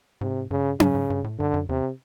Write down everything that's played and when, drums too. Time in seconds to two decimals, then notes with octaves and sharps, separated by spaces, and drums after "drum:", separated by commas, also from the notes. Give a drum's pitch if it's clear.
0.21 G#2 C3
0.51 G2 C#3
0.80 G#2 C#3, drum: tom C#4
0.95 G#2
1.10 G2
1.24 A2
1.39 G2 D3
1.54 F#2
1.69 E2 C3